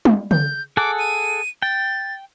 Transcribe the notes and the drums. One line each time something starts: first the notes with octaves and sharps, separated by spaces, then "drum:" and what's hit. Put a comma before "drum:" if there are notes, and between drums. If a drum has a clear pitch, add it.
drum: tom G3
G6, drum: tom C#3
G#4 A4 F#5 D6
D#7
G5 A6